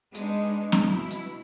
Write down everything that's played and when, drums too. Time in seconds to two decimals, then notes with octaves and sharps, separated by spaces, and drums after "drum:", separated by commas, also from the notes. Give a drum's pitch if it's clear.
0.15 G#3 B3 D4 D#4, drum: hi-hat
0.72 drum: snare C4
0.83 B2 E4
1.11 drum: hi-hat